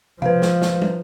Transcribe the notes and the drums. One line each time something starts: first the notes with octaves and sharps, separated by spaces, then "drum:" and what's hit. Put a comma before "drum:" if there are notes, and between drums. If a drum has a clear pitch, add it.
F3 B4 F5, drum: tom C3
drum: snare
drum: snare
drum: tom